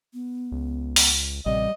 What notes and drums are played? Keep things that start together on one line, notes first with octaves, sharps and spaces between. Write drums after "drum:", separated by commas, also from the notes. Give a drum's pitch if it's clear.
B3
C#2
drum: open hi-hat
A1 C3 G3 D5 D#5